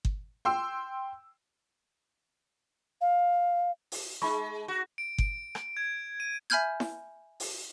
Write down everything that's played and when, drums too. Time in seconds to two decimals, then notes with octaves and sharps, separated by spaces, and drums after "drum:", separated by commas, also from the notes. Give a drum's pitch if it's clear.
0.05 drum: kick G1
0.45 G5 C6 E6
3.01 F5
3.92 drum: open hi-hat
4.22 G#3 D#4 B5 C#6
4.68 F#4
4.98 D7
5.18 D7, drum: kick G1
5.55 drum: rim click
5.77 G#6
6.20 D#7
6.50 E5 G#5 B5 F6 G6 G#6
6.80 drum: snare E4
7.40 drum: open hi-hat